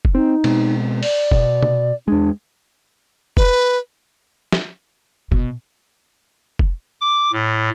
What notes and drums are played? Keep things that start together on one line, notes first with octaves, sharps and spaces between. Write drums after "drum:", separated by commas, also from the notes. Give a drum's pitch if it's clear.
drum: kick F1
C4 D#4
B2 G#3 C4, drum: cymbal
D5, drum: open hi-hat
B2, drum: kick F1
drum: tom
E2 G#3 D4
B4, drum: kick F1
drum: snare
B2, drum: kick F1
drum: kick F1
D6
A2